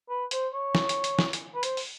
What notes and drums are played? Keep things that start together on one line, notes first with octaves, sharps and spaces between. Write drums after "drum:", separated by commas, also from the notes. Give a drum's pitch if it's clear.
B4
C5, drum: hi-hat
C#5
drum: snare
drum: hi-hat
drum: hi-hat
drum: snare
drum: hi-hat
B4
C5, drum: hi-hat
drum: open hi-hat